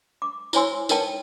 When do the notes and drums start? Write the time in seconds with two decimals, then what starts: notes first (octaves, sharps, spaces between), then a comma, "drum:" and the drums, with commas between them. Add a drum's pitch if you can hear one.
0.22 D6
0.53 E4 C5 C#5 G#5 C6 E6, drum: tambourine
0.89 D#4 A#4 B4 C#5 G5 A5, drum: tambourine